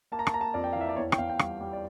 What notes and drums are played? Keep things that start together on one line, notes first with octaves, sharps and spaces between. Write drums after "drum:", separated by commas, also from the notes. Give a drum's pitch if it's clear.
A#3 A5
A#5
A5, drum: rim click
A#3 A#5
A5
F2 D5
G5
E3 F5
E5
D5
E2 C#5
G5, drum: rim click
E2 F5
G5
G3 F5, drum: rim click
G3
D5